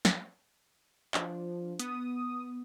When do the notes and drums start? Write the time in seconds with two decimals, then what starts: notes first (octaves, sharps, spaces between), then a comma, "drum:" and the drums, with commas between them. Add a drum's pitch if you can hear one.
0.05 drum: snare
1.14 F3 D4, drum: clap
1.79 B3 D#6, drum: hi-hat